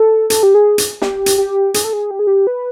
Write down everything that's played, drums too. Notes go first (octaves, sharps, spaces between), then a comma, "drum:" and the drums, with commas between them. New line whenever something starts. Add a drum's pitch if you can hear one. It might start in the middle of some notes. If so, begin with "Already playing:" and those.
Already playing: A4
A4, drum: hi-hat
G4
G#4
drum: hi-hat
G4, drum: snare
drum: hi-hat
G4
G#4, drum: hi-hat
A4
G#4
G4
G#4
G4
B4